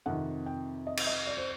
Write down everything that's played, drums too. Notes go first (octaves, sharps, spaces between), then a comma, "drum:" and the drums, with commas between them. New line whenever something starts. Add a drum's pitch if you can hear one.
F2 C3 D#3 F#5
G5
D#5
drum: cymbal
D#5
D5
C5